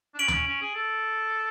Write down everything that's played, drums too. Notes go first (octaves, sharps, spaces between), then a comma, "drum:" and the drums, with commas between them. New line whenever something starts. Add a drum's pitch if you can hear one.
D4
C#4 D7 F#7
B3, drum: tom D2
C#4
C#4
G#4
A4